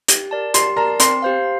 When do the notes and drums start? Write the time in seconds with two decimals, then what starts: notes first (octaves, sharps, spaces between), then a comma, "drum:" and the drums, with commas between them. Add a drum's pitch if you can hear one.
0.09 G4, drum: hi-hat
0.31 A#4 D5 A5
0.54 G4 C6, drum: hi-hat
0.77 A#4 D5 A5 A#5
1.00 C4 C6, drum: hi-hat
1.22 G4 C5 F5